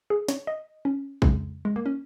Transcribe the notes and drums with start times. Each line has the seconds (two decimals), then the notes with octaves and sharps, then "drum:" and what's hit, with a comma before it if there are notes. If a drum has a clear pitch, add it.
0.10 G#4
0.28 C#5, drum: snare
0.47 D#5
0.85 C#4
1.22 F2 C#3 G#3, drum: kick B1
1.65 G#3
1.76 A#3
1.86 C#4